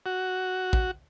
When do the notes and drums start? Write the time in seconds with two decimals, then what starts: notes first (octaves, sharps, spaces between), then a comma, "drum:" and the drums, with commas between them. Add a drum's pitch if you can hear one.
0.06 F#4
0.73 drum: kick